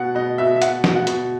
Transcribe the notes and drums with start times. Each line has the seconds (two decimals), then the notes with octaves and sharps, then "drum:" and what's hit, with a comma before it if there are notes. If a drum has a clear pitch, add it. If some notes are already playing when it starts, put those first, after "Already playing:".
Already playing: B2 F#5
0.15 B2 D#5
0.38 B2 E5
0.56 E5
0.62 B2 F#5, drum: hi-hat
0.84 B2, drum: snare
0.95 F#5
1.07 B2, drum: hi-hat